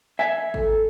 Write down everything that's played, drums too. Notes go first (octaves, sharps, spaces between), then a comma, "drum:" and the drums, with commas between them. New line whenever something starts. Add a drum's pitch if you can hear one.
E5 G#5
A4, drum: kick G#1